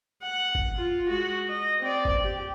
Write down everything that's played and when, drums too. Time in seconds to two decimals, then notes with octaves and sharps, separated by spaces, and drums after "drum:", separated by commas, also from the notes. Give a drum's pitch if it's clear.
0.23 F#5
0.55 drum: kick
0.76 F4
1.09 G#3 F#4
1.49 D#5
1.80 C4 D5
2.05 drum: kick
2.24 G4